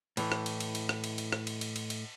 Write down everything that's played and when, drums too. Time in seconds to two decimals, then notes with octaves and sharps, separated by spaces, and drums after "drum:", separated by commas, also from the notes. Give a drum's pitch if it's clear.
0.17 A2 E3, drum: cymbal
0.32 drum: rim click
0.46 drum: cymbal
0.60 drum: cymbal
0.75 drum: cymbal
0.89 drum: rim click
1.04 drum: cymbal
1.18 drum: cymbal
1.32 drum: rim click
1.47 drum: cymbal
1.61 drum: cymbal
1.76 drum: cymbal
1.90 drum: cymbal